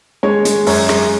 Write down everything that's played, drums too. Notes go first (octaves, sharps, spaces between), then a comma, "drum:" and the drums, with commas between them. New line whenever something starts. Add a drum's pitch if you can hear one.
G#3 C#5
G#3, drum: hi-hat
F#2 C#5, drum: open hi-hat
G#3, drum: rim click